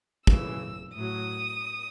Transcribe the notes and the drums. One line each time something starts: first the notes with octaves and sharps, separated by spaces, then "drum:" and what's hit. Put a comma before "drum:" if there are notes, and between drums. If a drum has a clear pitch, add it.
F#2 C#3 E3 E6, drum: kick
A2 F#3 D#6